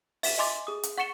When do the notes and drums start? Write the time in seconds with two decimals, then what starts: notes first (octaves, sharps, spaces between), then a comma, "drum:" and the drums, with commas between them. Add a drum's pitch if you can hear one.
0.23 E5 B6 E7, drum: open hi-hat
0.38 D#5 E5 G#5 C6 D6 A6
0.67 G#4 D#6
0.83 drum: hi-hat
0.98 F#5 C#6 A6 C#7 E7 G7